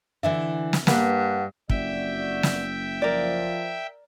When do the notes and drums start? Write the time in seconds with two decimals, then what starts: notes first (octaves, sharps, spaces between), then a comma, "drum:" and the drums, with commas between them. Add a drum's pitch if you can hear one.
0.23 D3 E3 E4 E5
0.73 drum: snare
0.87 G2 A#3 B4 F#5, drum: snare
1.70 F#1 F2 F#4 D5 E5 G5, drum: kick
2.43 drum: snare
3.02 F3 A#4 D5